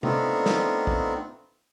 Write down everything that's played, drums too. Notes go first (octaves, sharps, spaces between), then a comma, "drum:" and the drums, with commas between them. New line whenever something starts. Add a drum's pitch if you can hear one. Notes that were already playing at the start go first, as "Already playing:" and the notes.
A3 B3 C4 D4 D#4 F4, drum: tom C3
drum: snare
drum: kick